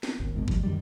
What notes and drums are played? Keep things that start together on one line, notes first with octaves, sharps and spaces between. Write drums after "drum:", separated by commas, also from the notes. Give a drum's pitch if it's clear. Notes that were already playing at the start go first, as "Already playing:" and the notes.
drum: snare
G#1 D#2
G#1 G#2 B2
B2 F3 G3, drum: kick G1
F#2 D#3 G3